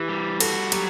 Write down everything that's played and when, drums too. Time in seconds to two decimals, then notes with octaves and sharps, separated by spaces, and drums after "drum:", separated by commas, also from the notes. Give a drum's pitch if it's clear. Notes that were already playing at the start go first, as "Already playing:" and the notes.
Already playing: E3 G4
0.09 G3
0.40 F#4 A4, drum: cymbal
0.72 F#3 G4, drum: cymbal